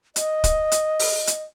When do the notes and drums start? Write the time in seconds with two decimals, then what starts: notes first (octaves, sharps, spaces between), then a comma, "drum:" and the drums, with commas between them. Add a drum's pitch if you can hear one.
0.16 D#5, drum: hi-hat
0.44 drum: kick, hi-hat
0.72 drum: hi-hat
0.99 drum: open hi-hat
1.27 drum: hi-hat